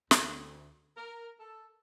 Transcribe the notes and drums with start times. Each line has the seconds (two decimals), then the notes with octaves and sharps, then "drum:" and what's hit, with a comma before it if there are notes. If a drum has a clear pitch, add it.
0.11 D2, drum: snare
0.96 A#4
1.39 A4